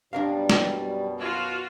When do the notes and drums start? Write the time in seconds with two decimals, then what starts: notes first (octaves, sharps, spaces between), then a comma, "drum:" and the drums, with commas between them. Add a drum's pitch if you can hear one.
0.13 F#2 B2 G3 D4 A#4 F5
0.50 drum: snare
1.19 F4 F#4